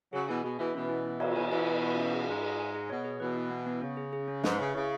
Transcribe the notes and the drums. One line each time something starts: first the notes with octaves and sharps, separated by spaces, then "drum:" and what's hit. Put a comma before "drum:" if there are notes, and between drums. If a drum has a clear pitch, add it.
C#3 F#3 G#4
B2 E3 G#5
B2 G#4
B2 E3 E5
B2 E3 C#4
E4
E4
C#5, drum: cymbal
B2 E3 G#5
B2 E3 G#5
G#5
F#4
C#4
G#4
G#2 G#4
G#4
G#5
G#4
B2 C#5
G#4
B2 E3 B4
E4
B3
B3
C#3 C#4
G#4
G#4
C#4
G#2 B4, drum: snare
C#3 E5
C#3 E4